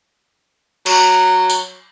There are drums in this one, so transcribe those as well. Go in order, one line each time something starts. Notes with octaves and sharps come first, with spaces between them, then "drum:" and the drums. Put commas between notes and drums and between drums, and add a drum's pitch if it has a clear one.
F#3, drum: cymbal
drum: tambourine